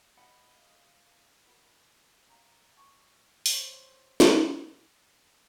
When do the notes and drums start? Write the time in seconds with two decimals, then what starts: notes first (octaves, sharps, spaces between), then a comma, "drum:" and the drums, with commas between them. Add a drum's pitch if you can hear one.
0.17 D#5 F#5 B5
0.53 F5
1.47 F4 A#4 F#5 B5 E6
2.27 C#4 D5 F5 G5 A#5
2.77 D5 G5 A5 C#6 D6
3.46 C5 C#5, drum: open hi-hat
4.20 drum: snare